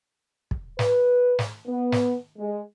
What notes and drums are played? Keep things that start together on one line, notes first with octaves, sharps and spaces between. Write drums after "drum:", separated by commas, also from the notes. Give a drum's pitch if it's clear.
drum: kick
B4, drum: snare
drum: snare
B3
drum: snare
G#3